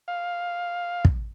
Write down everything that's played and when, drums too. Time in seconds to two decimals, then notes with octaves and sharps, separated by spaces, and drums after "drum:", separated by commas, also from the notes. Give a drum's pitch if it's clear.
0.08 F5
1.05 drum: kick